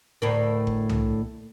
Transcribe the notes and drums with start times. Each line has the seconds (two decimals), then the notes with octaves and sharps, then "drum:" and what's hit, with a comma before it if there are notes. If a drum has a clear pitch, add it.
0.22 D2 A2 A#4
0.67 drum: kick F#1
0.89 drum: tom C2